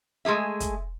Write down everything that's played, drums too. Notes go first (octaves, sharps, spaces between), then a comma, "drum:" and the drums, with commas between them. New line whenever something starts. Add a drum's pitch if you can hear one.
G#3 A3 G#4 E5
drum: kick, hi-hat